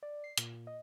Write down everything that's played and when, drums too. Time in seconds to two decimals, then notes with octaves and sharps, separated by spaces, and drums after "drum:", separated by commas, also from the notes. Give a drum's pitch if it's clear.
0.03 D5
0.24 C7
0.38 A#2, drum: hi-hat
0.53 A#2
0.67 D#5